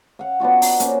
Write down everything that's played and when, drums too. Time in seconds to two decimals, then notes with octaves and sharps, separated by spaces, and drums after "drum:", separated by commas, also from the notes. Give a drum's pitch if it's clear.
0.19 F5 F#5
0.40 B3 D4 F4 F#4
0.62 A#5, drum: open hi-hat
0.80 A#3 C#4 C5, drum: hi-hat